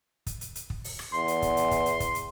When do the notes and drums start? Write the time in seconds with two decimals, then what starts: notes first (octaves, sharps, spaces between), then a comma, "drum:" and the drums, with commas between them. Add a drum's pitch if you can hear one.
0.26 drum: kick, hi-hat
0.41 drum: hi-hat
0.55 drum: hi-hat
0.70 drum: kick
0.84 drum: open hi-hat
0.99 drum: rim click
1.13 E2 C6
1.28 drum: hi-hat
1.42 drum: kick, hi-hat
1.57 drum: hi-hat
1.71 drum: kick, hi-hat
1.86 drum: hi-hat
2.00 drum: kick, hi-hat
2.15 drum: hi-hat